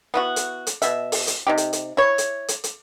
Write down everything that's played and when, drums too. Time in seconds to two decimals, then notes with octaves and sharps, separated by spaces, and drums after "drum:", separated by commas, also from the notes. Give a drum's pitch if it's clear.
0.14 B3 E4 F#4
0.36 drum: hi-hat
0.67 drum: hi-hat
0.82 B2 E5, drum: hi-hat
1.12 drum: open hi-hat
1.27 drum: hi-hat
1.47 C3 D#4 G4
1.58 drum: hi-hat
1.73 drum: hi-hat
1.97 E4 C#5
2.18 drum: hi-hat
2.48 drum: hi-hat
2.64 drum: hi-hat